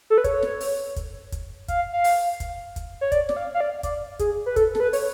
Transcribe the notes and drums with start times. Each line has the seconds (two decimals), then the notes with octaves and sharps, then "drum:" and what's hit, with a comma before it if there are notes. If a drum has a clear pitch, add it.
0.10 A4
0.18 B4
0.24 C#5, drum: kick, hi-hat
0.42 drum: snare
0.60 drum: open hi-hat
0.96 drum: kick, hi-hat
1.32 drum: kick, hi-hat
1.68 F5, drum: kick, hi-hat
1.93 F5
2.04 drum: open hi-hat
2.40 drum: kick, hi-hat
2.76 drum: kick, hi-hat
3.01 C#5
3.12 D5, drum: kick, hi-hat
3.29 D5, drum: snare
3.37 F5
3.54 F5
3.60 D5
3.83 D5, drum: kick, hi-hat
4.19 G#4, drum: kick, hi-hat
4.46 B4
4.56 A4, drum: kick, hi-hat
4.75 A4, drum: snare
4.80 B4
4.93 C#5, drum: open hi-hat